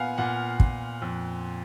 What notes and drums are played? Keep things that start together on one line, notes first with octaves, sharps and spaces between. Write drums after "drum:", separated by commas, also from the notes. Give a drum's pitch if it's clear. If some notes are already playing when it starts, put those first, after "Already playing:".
Already playing: A#2 B3 F5 F#5 G#5
A#2 F#5
A#2, drum: kick
F2